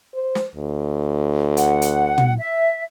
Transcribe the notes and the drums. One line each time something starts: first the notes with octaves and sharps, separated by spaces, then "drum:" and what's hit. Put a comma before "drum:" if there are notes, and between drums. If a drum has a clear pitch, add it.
C5
drum: snare
D2
F#5, drum: hi-hat
drum: hi-hat
drum: tom
E5